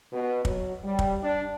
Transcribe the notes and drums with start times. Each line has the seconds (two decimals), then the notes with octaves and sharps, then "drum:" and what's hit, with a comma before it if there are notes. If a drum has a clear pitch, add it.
0.12 B2
0.45 F#3, drum: kick
0.83 G3
0.99 drum: kick
1.21 D4